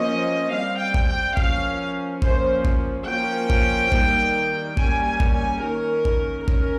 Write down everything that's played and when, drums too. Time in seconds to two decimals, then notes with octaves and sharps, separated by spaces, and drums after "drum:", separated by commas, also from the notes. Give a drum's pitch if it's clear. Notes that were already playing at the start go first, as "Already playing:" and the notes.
Already playing: F3 A#3 C#4 D#5
0.52 G3 C4 F5
0.80 G5
0.94 drum: kick G#1
1.08 G5
1.37 F3 A#3 C#4 F5, drum: kick G#1
2.22 F3 A#3 C#4 C5, drum: kick G#1
2.65 drum: kick G#1
3.07 F3 A#3 C#4 G5
3.50 drum: kick G#1
3.92 D#3 G3 A#3, drum: kick G#1
4.77 G3 A#3 C#4 G#5, drum: kick G#1
5.06 G#5
5.20 drum: kick G#1
5.34 G#5
5.62 D#3 A#3 C#4 A#4
6.05 drum: kick G#1
6.48 C#4 A#4, drum: kick G#1